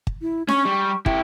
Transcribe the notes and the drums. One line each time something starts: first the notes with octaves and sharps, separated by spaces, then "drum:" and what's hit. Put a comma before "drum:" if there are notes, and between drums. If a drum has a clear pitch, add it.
drum: kick
E4
C#4 C#6, drum: snare D4
G3
E4 G4, drum: kick